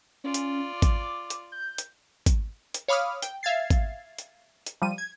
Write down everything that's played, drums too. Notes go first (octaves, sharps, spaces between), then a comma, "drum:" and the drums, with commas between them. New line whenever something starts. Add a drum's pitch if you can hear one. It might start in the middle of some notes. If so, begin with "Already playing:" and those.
C#4 F4 D5
drum: hi-hat
D6
drum: kick, hi-hat
drum: hi-hat
G6
drum: hi-hat
drum: kick, hi-hat
drum: hi-hat
C#5 F5 B5 D6 D#6 F6
G5, drum: hi-hat
E5 F5 G#6 A6 C7
drum: kick, hi-hat
drum: hi-hat
drum: hi-hat
F3 G3 D#7
G#6